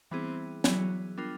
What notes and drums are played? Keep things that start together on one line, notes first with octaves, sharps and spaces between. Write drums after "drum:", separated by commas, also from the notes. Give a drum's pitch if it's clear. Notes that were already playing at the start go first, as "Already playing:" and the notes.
E3 G3 B3 C4 E4 G#4
E3 F#3 G3 B3 E4 G#4, drum: snare
G3 B3 D4 F4 A#4